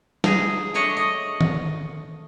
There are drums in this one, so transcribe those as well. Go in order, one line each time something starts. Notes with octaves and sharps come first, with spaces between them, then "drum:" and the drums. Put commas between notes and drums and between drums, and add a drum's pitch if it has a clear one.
G#4 A#5, drum: snare
A3 D4 C#5 D#5 F#5
D#5
drum: tom D#3